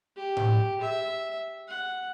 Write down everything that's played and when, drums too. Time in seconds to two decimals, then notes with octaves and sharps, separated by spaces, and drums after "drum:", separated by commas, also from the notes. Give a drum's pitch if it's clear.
0.17 G4
0.37 drum: tom A2
0.81 E5
1.69 F#5